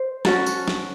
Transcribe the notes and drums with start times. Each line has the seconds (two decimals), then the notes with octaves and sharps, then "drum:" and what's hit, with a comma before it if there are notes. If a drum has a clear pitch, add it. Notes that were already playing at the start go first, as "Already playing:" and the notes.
Already playing: C5
0.25 C#4 F#4 A4, drum: snare
0.46 drum: tambourine
0.68 drum: snare